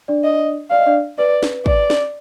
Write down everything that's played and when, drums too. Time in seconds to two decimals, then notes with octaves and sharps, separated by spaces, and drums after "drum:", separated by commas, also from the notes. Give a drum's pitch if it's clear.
0.08 D4 D5
0.24 D#5
0.71 D5 F5
0.79 D#5
0.86 D4 D5
1.19 B4 D5
1.43 drum: snare
1.66 D5, drum: kick
1.90 drum: snare